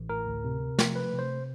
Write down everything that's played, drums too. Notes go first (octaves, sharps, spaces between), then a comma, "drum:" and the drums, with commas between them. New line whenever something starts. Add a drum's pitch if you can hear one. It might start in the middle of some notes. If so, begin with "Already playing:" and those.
Already playing: A1
A2 A#4
D2
C3
C3
F3, drum: snare
A3 B4
C3
C5